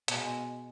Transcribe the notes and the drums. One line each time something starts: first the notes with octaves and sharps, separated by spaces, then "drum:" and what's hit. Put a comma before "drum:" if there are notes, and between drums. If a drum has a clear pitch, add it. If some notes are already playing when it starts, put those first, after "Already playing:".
B2 G#3, drum: hi-hat